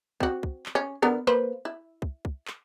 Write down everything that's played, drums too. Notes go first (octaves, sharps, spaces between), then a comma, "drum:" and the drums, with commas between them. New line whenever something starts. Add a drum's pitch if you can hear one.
C4 F#4, drum: kick
drum: kick
drum: clap
C#4
D3 B3 A#4
A#3 B4 C5
E4
drum: kick
drum: kick
drum: clap